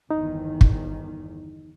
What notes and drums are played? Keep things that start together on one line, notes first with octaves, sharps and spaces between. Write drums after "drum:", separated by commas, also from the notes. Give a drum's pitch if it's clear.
G1 E2 D#3 D#4
drum: kick